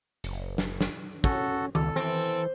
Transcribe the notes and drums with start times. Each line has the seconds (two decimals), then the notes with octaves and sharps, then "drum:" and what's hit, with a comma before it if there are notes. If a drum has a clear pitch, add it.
0.24 F#1, drum: hi-hat
0.58 drum: snare
0.81 drum: snare
1.24 C#4 F#4 A4, drum: kick
1.75 C#2 A4, drum: tom D#3
1.96 E3 C4